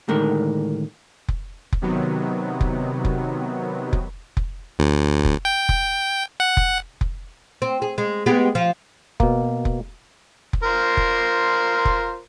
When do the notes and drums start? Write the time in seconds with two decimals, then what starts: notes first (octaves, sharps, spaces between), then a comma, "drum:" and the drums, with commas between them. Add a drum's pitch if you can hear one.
0.08 A2 D3 D#3 G#3 A#4
1.28 drum: kick F1
1.73 drum: kick F1
1.82 C3 D#3 F#3 B3
2.61 drum: kick F1
3.05 drum: kick F1
3.93 drum: kick F1
4.37 drum: kick F1
4.79 D2
5.25 drum: kick F1
5.45 G5
5.69 drum: kick F1
6.40 F#5
6.57 drum: kick F1
7.01 drum: kick F1
7.62 C4
7.82 G#4
7.98 G#3
8.26 G#3 B3 G4
8.55 F3
9.20 B2 A#3, drum: kick F1
9.65 drum: kick F1
10.53 drum: kick F1
10.63 F4 A#4 C5
10.97 drum: kick F1
11.85 drum: kick F1